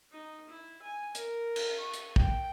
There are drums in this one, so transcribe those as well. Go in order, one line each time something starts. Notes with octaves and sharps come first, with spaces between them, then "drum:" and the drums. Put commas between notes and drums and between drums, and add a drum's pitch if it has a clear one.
D#4
E4
G#5
A#4, drum: hi-hat
drum: cymbal
C#6
drum: hi-hat
G5, drum: kick